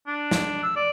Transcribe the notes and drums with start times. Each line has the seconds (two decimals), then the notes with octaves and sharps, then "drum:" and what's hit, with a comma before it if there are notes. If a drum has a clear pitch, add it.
0.07 D4
0.31 drum: snare
0.63 E6
0.76 D5